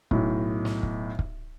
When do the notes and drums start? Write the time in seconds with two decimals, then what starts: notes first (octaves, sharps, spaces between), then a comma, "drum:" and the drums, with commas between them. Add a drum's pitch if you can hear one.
0.11 B1 A2, drum: kick
0.65 drum: snare
0.83 drum: kick
1.19 drum: kick